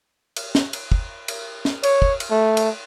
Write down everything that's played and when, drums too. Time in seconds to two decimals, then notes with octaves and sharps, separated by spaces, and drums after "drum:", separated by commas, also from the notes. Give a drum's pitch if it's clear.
0.36 drum: cymbal
0.55 drum: snare
0.73 drum: cymbal
0.92 drum: kick
1.28 drum: cymbal
1.65 drum: snare
1.83 C#5, drum: cymbal
2.02 drum: kick
2.20 drum: cymbal
2.31 A3
2.57 drum: cymbal